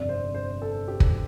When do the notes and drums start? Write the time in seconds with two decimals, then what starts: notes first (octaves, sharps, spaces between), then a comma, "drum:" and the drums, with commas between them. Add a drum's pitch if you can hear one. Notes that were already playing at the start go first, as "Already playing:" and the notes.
Already playing: G1 F2 C3 D5
0.09 C5
0.35 C5
0.62 A4
0.88 G4
1.00 drum: kick